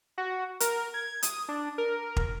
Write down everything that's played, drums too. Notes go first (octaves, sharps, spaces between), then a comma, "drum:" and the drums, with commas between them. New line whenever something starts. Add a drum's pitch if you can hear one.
F#4
A#4, drum: hi-hat
G#6
D#6, drum: hi-hat
D4
A#4
drum: kick